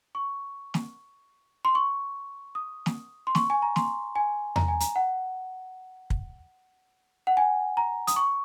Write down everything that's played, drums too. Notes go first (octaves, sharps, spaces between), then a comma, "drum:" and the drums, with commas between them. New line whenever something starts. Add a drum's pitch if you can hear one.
C#6
drum: snare
C6
C#6
D#6
drum: snare
C6
C#6, drum: snare
G#5
A#5
C6, drum: snare
G#5
A#5, drum: tom E2
G#5
A#5, drum: hi-hat
F#5
drum: kick
F#5
G#5
A#5
D#6, drum: hi-hat
C#6